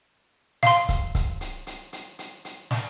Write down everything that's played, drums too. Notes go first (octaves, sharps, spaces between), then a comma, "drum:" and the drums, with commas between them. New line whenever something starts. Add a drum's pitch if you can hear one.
F5 C6, drum: snare
drum: kick C#1, hi-hat
drum: kick C#1, hi-hat
drum: hi-hat
drum: hi-hat
drum: hi-hat
drum: hi-hat
drum: hi-hat
drum: snare